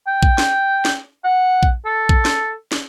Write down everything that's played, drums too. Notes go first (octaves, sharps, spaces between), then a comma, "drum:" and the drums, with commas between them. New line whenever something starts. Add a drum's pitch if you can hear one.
G5
drum: kick A#1
drum: snare
drum: snare
F#5
drum: kick A#1
A4
drum: kick A#1
drum: snare
drum: snare